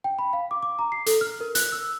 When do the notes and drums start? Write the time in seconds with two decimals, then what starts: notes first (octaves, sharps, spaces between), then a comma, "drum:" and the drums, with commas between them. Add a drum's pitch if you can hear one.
0.04 G5
0.19 B5
0.33 F5
0.51 D6
0.63 D6
0.79 A#5
0.92 C7
1.06 A4, drum: hi-hat
1.21 F6
1.41 A#4
1.55 F#6, drum: hi-hat
1.72 E6